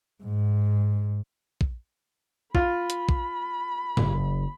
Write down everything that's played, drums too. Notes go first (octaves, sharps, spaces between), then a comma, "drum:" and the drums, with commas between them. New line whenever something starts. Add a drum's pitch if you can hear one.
G#2
drum: kick
F4 B5, drum: kick
drum: hi-hat
drum: kick
F#1, drum: tom G#2